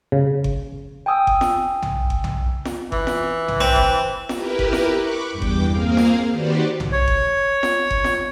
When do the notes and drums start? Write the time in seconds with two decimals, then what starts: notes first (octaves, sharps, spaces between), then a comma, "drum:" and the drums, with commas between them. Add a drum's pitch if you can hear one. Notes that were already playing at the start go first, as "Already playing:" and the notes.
0.12 C#3
0.44 drum: kick G1
1.06 G5 G#5 D#6 E6
1.27 drum: kick G1
1.41 drum: snare
1.82 drum: tom B1
2.10 drum: kick G1
2.24 drum: tom B1
2.65 drum: snare
2.92 E3, drum: kick G1
3.07 drum: snare
3.48 drum: tom B1
3.61 C4
3.76 drum: kick G1
4.29 E4 G4 A#4 B4, drum: snare
4.59 drum: kick G1
4.73 drum: snare
4.96 B5 C#6 D6 F#6
5.32 E2 G2 G5 D6
5.42 drum: kick G1
5.69 A#3 C4 G#4 A#4 F5
5.97 drum: snare
6.31 D#3 F#4 G4 B4 C5 D5
6.80 drum: tom B1
6.92 C#5
7.08 drum: kick G1
7.63 drum: snare
7.91 drum: kick G1
8.04 drum: snare